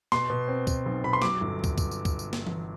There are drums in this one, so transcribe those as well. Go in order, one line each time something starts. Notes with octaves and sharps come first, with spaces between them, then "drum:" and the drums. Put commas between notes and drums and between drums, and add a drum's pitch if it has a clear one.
B2 C6, drum: snare
B2
C4
B2, drum: kick, tambourine
B1
B2 B5
C6
F#3 D6, drum: snare
G1
drum: kick, tambourine
drum: kick, tambourine
drum: tambourine
drum: kick, tambourine
drum: tambourine
drum: snare
drum: tom E3